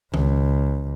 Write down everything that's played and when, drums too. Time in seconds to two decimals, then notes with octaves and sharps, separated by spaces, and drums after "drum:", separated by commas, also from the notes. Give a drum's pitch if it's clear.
0.14 C#2, drum: tom D#3